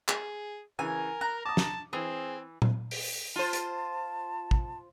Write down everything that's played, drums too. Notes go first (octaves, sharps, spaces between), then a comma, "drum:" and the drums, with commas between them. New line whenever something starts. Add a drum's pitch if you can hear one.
G#4, drum: clap
C#3 E3 A#4 G#5
A#5 F#6
A5 D6 D#6
drum: snare
E3 C4 G#4
drum: tom A#2
drum: open hi-hat
F4 C5 A5
drum: hi-hat
drum: kick